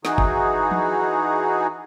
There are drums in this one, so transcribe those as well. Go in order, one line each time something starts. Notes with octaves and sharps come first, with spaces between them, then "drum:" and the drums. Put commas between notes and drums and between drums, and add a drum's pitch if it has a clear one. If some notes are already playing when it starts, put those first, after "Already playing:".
E3 D#4 F#4 G#4, drum: snare
drum: kick F#1
drum: tom